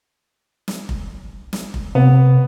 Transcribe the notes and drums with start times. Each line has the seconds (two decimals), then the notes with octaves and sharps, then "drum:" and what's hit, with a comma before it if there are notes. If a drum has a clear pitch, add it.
0.68 drum: snare
0.89 drum: kick F1
1.53 drum: snare
1.74 drum: kick F1
1.95 C3 B3